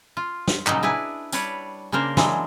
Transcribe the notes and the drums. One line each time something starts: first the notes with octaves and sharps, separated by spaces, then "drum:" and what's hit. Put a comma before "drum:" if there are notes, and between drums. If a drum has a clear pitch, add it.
F4
drum: snare
A#2 C#3 F#3 G3 D#4, drum: clap
D4 E4 G#4 B4 G#5
G3 D4 B4 C#5 D5, drum: tambourine
C#3 A#3 D4 A#4 C5
E3 F#3 G#3 D4, drum: snare